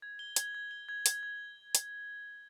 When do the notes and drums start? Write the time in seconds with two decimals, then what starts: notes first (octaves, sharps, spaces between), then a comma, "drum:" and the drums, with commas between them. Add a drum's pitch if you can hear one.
0.02 G#6
0.19 G7
0.36 G#6, drum: hi-hat
0.55 G#6
0.71 G7
0.89 G#6
1.06 G#6, drum: hi-hat
1.23 G#6
1.75 drum: hi-hat